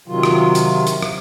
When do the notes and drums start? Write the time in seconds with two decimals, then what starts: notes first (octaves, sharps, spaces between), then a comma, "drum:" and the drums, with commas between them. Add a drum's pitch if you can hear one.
0.08 C3 D#3 F#3 F4
0.23 drum: rim click
0.55 drum: hi-hat
0.87 drum: hi-hat
1.02 drum: rim click